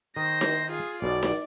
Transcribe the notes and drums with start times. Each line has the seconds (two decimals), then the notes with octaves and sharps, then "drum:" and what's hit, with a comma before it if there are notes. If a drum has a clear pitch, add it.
0.16 D#3 C5 D#5 A#6
0.41 drum: snare D#4
0.70 F4 G#4
1.02 B1 B2 D5
1.23 drum: snare D#4